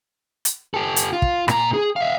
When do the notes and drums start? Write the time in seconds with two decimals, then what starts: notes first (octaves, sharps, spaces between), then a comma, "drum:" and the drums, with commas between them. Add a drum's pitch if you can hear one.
0.45 drum: hi-hat
0.74 G4 A4
0.96 drum: hi-hat
1.13 F4
1.22 drum: kick
1.48 A#2 A#5, drum: rim click
1.74 G#4
1.96 E5 F5